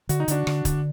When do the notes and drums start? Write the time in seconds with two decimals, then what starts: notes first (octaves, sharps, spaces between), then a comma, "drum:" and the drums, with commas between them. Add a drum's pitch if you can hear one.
0.09 D3 F#4, drum: hi-hat
0.20 D#4
0.28 D3 D4 F#4, drum: hi-hat
0.47 D3, drum: rim click
0.65 D3, drum: kick, hi-hat